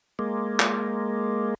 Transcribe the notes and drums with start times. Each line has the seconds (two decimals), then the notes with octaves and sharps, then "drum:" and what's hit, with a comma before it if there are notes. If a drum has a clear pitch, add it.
0.19 G#3 A#3
0.60 drum: clap